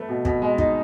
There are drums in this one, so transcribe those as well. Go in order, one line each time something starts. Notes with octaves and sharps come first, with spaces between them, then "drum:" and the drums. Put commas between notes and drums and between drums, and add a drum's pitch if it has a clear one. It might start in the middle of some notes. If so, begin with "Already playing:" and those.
Already playing: A3 B4
B2
B2, drum: kick
G#3
D#4, drum: kick